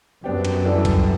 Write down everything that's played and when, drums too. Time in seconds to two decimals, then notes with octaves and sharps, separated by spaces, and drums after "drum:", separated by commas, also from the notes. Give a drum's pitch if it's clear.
0.24 F#2 B3 D4 G4
0.45 drum: cymbal
0.64 E3 G3 D4 A4 D5
0.85 drum: kick C2, cymbal